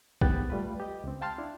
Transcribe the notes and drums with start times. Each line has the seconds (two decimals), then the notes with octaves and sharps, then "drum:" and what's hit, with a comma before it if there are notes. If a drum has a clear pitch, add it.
0.21 G#2 B3 G4 G5 F#6 A6, drum: kick
0.50 G3 A3 F4 B4
0.80 G4 D#5
1.04 C#2 C4
1.21 F5 G5 A5 C6 F6
1.38 D4 E4